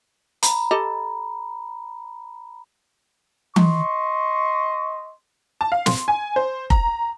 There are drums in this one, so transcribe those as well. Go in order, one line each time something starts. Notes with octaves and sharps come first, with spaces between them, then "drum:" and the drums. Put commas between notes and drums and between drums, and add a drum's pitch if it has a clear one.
A#5 B5, drum: hi-hat
G4 A4 D#5
D#5 C6 C#6, drum: tom E3
A5
F5
C6, drum: snare
G#5
C5
A#5, drum: kick F1